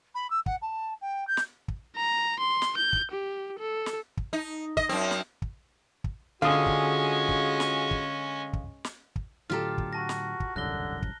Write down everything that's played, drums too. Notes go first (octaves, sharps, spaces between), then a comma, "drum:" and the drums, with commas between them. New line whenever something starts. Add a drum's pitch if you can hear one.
B5
E6
F#5, drum: kick
A5
G5
G6
drum: snare
drum: kick
A#5
C6
drum: snare
G6
drum: kick
G4
A4
drum: snare
drum: kick
D#4
D#5, drum: kick
F#2 C4
drum: snare
drum: kick
drum: kick
D3 G#3 C#4 F4 F#4 G#4 F5 D#6
drum: kick
drum: kick
drum: snare
drum: kick
drum: kick
drum: snare
drum: kick
A2 D3 F#3 F4 G4 A4 A#5 F6
drum: kick
F#4 A5 A#6
drum: snare
drum: kick
E1 C2 F#2 D3 F#6 A#6 G7
drum: kick